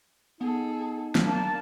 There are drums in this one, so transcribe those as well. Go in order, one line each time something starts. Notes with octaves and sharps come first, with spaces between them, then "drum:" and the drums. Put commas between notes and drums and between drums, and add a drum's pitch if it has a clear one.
B3 D#4 G#4 A4
drum: snare
A#3 D4 A5